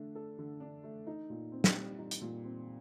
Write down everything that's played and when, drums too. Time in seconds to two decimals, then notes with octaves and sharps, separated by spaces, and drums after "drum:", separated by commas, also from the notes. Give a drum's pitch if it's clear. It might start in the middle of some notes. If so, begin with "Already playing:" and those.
Already playing: D3 A3 D4
0.15 A4
0.38 D3
0.60 D4
0.83 A3
1.07 D#4
1.30 A#2
1.52 C4
1.64 drum: snare
1.75 G3
1.98 D#4
2.11 drum: hi-hat
2.21 A#2
2.44 C4